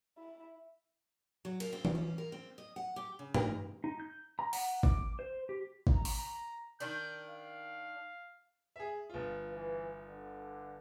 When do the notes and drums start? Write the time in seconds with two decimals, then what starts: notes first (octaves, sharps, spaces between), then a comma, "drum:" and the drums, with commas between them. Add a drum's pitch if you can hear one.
0.17 E4
1.45 F#3
1.60 A#4, drum: cymbal
1.73 C4
1.85 drum: tom E3
1.95 C#4
2.18 A#4
2.32 C4
2.58 D#5
2.76 F#5
2.96 G4
3.19 C#3
3.34 A#4, drum: tom G2
3.84 D#4
4.00 G6
4.39 A#5
4.53 F#5, drum: open hi-hat
4.83 D6, drum: kick G#1
5.19 C5
5.49 G4
5.87 A#5, drum: kick G#1
6.05 drum: open hi-hat
6.80 D#3 D4 G6
7.29 F5
8.76 G#4 E5
9.10 G1 F4
9.49 E3
10.07 D3